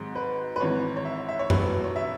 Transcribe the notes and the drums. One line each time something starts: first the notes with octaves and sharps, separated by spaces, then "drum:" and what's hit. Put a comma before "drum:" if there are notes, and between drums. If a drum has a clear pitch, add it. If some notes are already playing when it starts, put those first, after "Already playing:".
Already playing: G#1 G#2 F#3 G#4
B4
B4
G#1 G#2 E3 C#5
C#5
E5
E5
C#5
E1 E2 B2 F#3 B4, drum: tom F#2
C#5
E5